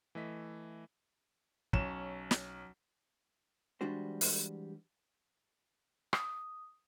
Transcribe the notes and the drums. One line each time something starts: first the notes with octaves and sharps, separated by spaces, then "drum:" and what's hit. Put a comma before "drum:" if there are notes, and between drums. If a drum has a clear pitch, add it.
E3 A3 D#5 B6
B1 C#4 E7, drum: kick
drum: snare
E3 G3 G#3 D4 F#4 C5
drum: open hi-hat
D#6, drum: rim click